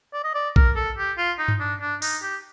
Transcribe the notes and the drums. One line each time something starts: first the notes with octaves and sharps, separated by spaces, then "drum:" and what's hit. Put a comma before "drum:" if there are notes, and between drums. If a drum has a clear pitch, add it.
D5
D#5
D5
A#4, drum: kick
A4
G4
F4
D#4
drum: tom G2
D4
D4
D#4, drum: open hi-hat
G4